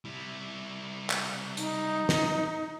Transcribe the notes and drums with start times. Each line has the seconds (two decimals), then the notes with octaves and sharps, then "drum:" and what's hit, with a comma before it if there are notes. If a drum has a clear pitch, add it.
0.05 G3 E4
1.10 drum: clap
1.57 D#4, drum: hi-hat
2.09 drum: snare